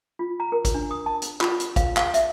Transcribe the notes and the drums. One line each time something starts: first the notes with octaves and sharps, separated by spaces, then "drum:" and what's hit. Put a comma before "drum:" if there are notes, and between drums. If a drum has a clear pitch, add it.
F4
A#5
A#4
drum: kick, hi-hat
D4
D#6
A5
drum: hi-hat
F4, drum: clap
drum: hi-hat
F5, drum: kick, hi-hat
F5, drum: clap
E5, drum: hi-hat